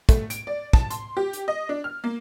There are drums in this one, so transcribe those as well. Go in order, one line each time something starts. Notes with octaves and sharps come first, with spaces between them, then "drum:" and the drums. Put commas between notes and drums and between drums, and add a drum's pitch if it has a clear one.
A3, drum: kick, hi-hat
D7, drum: hi-hat
D5
A5, drum: kick
C6, drum: hi-hat
G4
drum: hi-hat
D#5
D4
F6
A#3